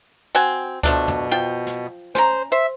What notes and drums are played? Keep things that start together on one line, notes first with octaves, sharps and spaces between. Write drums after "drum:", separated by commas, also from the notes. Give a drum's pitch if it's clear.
C4 F#4 G#5
B2 F3 A3 D4, drum: kick C#2
drum: tom
F3 F4 G5
drum: snare
C#4 C5 A#5, drum: snare
C5 E5